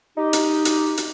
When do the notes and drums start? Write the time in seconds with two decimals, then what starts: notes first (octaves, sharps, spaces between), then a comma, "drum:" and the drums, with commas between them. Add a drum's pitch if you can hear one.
0.17 D#4 G4
0.33 drum: hi-hat
0.65 drum: hi-hat
0.97 drum: hi-hat